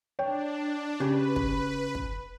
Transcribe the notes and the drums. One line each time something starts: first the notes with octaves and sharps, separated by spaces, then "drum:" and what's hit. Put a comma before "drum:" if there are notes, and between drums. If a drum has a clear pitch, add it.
D4 C#5 G5
C#3 G4 B4
drum: kick
drum: kick